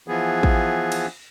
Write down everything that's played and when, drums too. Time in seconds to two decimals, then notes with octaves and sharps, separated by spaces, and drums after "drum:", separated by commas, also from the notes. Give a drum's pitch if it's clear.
0.08 E3 F3 B3 G#4
0.43 drum: kick
0.92 drum: cymbal